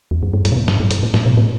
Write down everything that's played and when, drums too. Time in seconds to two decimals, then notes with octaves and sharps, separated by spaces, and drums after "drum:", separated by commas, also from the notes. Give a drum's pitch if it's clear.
0.11 E2
0.23 F#2
0.33 G2
0.45 G2, drum: hi-hat
0.52 B2
0.56 A2
0.68 G2, drum: snare
0.80 G2
0.91 G2, drum: hi-hat
1.03 A2
1.14 A2, drum: snare
1.26 B2
1.37 A2